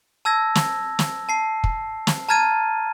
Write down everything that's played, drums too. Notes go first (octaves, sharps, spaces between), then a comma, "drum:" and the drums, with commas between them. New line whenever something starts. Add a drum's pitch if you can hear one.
A5 E6 G#6 A#6
drum: snare
drum: snare
A5 C7
drum: kick
drum: snare
A5 A#5 F6 G#6 A6 D#7